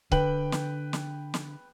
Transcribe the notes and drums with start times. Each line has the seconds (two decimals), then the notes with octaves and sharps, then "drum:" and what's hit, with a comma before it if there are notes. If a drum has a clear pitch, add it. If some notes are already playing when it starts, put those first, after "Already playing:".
0.12 D3 B4 G5 F#7, drum: kick
0.52 drum: snare
0.93 drum: snare
1.34 drum: snare